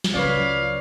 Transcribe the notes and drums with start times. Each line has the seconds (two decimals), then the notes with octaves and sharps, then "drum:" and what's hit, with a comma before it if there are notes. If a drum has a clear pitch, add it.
0.04 drum: snare
0.14 C#2 F#3 B4 C#5 D5 F5